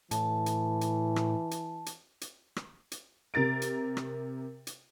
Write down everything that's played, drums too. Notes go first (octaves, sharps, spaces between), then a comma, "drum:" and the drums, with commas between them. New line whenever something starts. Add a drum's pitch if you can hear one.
A2 E3 A5, drum: hi-hat
drum: hi-hat
drum: hi-hat
drum: rim click
drum: hi-hat
drum: hi-hat
drum: hi-hat
drum: rim click
drum: hi-hat
C3 A#4 A6 D7
drum: hi-hat
drum: rim click
drum: hi-hat